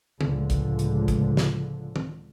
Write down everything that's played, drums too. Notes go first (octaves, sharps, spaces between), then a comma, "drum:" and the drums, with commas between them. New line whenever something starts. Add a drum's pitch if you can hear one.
C#2 A2 D3 F3, drum: tom
drum: kick, hi-hat
drum: hi-hat
drum: kick, hi-hat
drum: snare
drum: tom